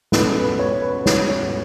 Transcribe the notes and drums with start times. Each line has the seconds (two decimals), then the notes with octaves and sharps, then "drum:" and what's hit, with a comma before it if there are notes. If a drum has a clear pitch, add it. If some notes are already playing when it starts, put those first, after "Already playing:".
0.12 B2 A3 C#4 B4, drum: snare
0.36 B4
0.59 C#5
0.82 B4
1.06 C#5, drum: snare
1.29 C#5